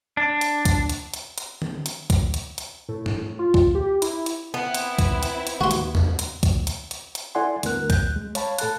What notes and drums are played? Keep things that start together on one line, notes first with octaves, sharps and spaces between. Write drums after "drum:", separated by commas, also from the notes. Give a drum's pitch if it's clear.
D4
drum: hi-hat
drum: kick, hi-hat
drum: hi-hat
drum: hi-hat
drum: hi-hat
drum: tom D3
drum: hi-hat
drum: kick, hi-hat
drum: hi-hat
drum: hi-hat
A2
drum: tom G2
F4
drum: kick
G4
E4, drum: hi-hat
drum: hi-hat
B3 C4 E4
drum: hi-hat
drum: kick, hi-hat
drum: hi-hat
drum: hi-hat
D#2 F#4 C6
drum: hi-hat
drum: tom E2
drum: hi-hat
drum: kick, hi-hat
drum: hi-hat
drum: hi-hat
drum: hi-hat
E4 A4 D5 F#5 G#5 C6
D2 G2 A3 B3 A#4 F#6, drum: hi-hat
F#6 G6, drum: kick, hi-hat
G#3
C#5 F5 A5 B5, drum: hi-hat
A2 A4 A5 F#6, drum: hi-hat